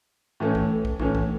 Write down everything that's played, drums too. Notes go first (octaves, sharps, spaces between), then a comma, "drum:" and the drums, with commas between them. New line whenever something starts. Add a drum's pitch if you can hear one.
A2 E3 A3 C#4
drum: kick
drum: kick
A2 E3 A3 C#4, drum: kick
drum: kick